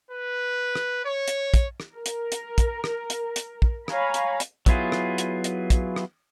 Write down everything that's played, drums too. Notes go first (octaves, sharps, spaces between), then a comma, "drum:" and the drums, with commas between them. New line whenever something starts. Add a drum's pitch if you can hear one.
B4
drum: rim click
C#5
drum: hi-hat
drum: kick, hi-hat
drum: rim click
A#4
drum: hi-hat
drum: hi-hat
drum: kick, hi-hat
drum: rim click
drum: hi-hat
drum: hi-hat
drum: kick
C#5 F5 G#5 A#5 B5, drum: rim click
drum: hi-hat
drum: hi-hat
F#3 B3 E4 F4 G#4, drum: kick, hi-hat
drum: rim click
drum: hi-hat
drum: hi-hat
drum: kick, hi-hat
drum: rim click